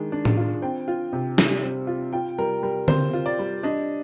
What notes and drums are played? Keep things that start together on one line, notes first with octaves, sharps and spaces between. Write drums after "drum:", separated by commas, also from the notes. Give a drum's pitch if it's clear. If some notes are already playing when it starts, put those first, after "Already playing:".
Already playing: D#3 G#3 D4
D4
drum: tom A2
F4
C4 G5
F4
C3
G3, drum: snare
C4
F4
F4 G5
G3 A#4
G3 A#4
C4 C5, drum: tom D3
F4
D5
G3
D4 D#5